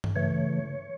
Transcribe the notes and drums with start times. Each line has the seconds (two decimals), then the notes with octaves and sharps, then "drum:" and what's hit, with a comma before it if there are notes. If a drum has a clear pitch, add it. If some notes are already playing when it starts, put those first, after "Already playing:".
0.04 drum: tom G2
0.15 C#3 E3 A3 C#5